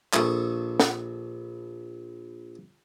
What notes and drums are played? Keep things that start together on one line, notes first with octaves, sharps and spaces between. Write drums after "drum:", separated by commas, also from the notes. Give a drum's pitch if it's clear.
A#1 A4 C#6 D#6, drum: clap
drum: snare